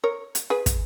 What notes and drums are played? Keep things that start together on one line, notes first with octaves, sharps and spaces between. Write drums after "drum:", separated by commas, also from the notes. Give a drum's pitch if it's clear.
A#4 C#5
drum: hi-hat
G#4 B4
drum: kick, hi-hat